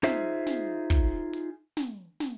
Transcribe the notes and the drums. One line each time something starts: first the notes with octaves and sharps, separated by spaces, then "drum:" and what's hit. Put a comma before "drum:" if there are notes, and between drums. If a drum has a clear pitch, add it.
D#4 F4 G#4 C5 E5, drum: snare
drum: snare
drum: kick, hi-hat
drum: hi-hat
drum: snare
drum: snare